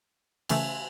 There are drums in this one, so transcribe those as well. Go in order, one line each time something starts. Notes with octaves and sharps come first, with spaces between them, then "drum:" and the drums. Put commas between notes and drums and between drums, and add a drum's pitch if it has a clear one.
C#3 E3 A3 C#4 E5 G#5, drum: cymbal